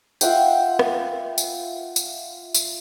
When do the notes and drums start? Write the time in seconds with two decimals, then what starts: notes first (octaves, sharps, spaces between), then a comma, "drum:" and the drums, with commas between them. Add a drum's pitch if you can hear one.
0.21 F4 E5 F#5 G5, drum: tambourine
0.79 drum: rim click
1.38 drum: tambourine
1.96 drum: tambourine
2.54 drum: tambourine